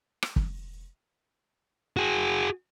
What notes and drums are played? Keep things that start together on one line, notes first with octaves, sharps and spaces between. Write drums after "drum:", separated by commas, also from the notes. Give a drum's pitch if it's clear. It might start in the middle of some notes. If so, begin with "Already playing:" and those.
drum: rim click
drum: kick
F#4 G#4